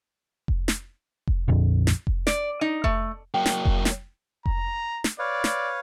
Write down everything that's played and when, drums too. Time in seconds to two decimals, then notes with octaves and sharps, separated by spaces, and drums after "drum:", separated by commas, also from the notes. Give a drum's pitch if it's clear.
0.48 drum: kick F1
0.68 drum: snare
1.27 drum: kick F1
1.48 A#1 F2
1.87 drum: snare
2.07 drum: kick F1
2.27 D5, drum: snare
2.61 D#4
2.84 A3, drum: kick F1
3.34 F#3 A#3 G5
3.46 drum: snare
3.65 drum: kick F1
3.85 drum: snare
4.46 A#5, drum: kick F1
5.04 drum: snare
5.19 B4 C#5 D5 F5
5.44 drum: snare